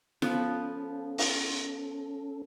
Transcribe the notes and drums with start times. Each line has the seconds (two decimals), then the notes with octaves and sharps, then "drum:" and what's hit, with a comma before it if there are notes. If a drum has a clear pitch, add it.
0.22 F3 B3 C#4 A4, drum: snare F4
1.18 drum: open hi-hat